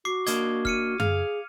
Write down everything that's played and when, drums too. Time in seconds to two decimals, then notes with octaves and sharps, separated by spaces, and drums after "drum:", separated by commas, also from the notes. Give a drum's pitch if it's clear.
0.05 F#4 D6 C7
0.27 A#3 D4 D#5 G#6, drum: hi-hat
0.65 F6 C#7 D#7, drum: kick
1.00 G#4 F5, drum: tom F#2